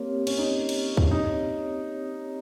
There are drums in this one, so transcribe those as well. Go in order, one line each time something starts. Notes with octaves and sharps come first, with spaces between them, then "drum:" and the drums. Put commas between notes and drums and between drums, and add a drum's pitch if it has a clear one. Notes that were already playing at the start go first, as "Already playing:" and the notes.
Already playing: A#3 C4 G4 C#5
C#4, drum: cymbal
D#4
drum: cymbal
drum: kick
D#4